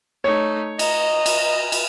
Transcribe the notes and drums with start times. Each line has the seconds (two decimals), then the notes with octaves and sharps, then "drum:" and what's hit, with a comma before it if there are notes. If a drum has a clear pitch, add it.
0.24 A3 D#4 C#5
0.79 D#5 A#5, drum: cymbal
1.26 drum: cymbal
1.72 drum: cymbal